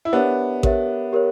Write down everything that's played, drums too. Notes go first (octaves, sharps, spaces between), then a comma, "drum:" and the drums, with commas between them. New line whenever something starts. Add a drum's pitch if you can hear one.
E4
B3 D4 G4 A#4 C#5 E5
G4 A#4 C#5 E5, drum: kick A1
G4 A#4 C#5